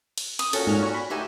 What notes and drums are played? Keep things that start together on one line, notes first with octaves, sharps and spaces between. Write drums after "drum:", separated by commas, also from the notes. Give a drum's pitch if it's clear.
drum: cymbal
D#6, drum: cymbal
A#2 C#4 F#4 A4, drum: cymbal
G#2 F6
C#5
B5
D2 D#4 F#4 G4 E5 G#5